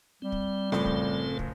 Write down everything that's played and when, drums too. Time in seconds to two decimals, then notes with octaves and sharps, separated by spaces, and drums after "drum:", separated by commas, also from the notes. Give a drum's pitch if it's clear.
0.22 G3 C4
0.32 drum: kick
0.72 F#1 A2 F3 C4 A4, drum: rim click
0.85 drum: kick
1.39 drum: kick